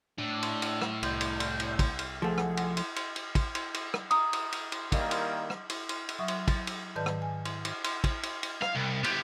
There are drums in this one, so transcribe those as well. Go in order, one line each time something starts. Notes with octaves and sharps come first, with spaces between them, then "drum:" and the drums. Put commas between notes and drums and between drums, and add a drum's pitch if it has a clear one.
A2 D4
drum: cymbal
drum: cymbal
drum: rim click
C2 D5 G6, drum: cymbal
drum: cymbal
drum: cymbal
drum: cymbal
drum: kick, cymbal
drum: cymbal
F3 A3 G#4 F#5
drum: rim click
drum: cymbal
drum: cymbal
drum: cymbal
drum: cymbal
drum: kick, cymbal
drum: cymbal
drum: cymbal
drum: rim click
A#5 D#6, drum: cymbal
drum: cymbal
drum: cymbal
drum: cymbal
D#3 G3 A#3, drum: kick, cymbal
drum: cymbal
drum: rim click
drum: cymbal
drum: cymbal
drum: cymbal
F#3 E5 C#6 D#6
drum: cymbal
A6, drum: kick, cymbal
drum: cymbal
G#2 D#3 B4 D5 A5 G6
drum: rim click
G#5
drum: cymbal
drum: cymbal
drum: cymbal
drum: kick, cymbal
drum: cymbal
drum: cymbal
F5, drum: rim click
C2
B3 G4, drum: cymbal